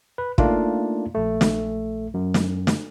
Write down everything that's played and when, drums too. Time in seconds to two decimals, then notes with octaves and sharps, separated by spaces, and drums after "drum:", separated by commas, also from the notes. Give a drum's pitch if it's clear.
0.18 B4
0.38 A3 A#3 D4 D#4 F4, drum: kick
1.15 A#1 A3
1.41 drum: snare
2.14 F#2
2.34 drum: snare
2.67 drum: snare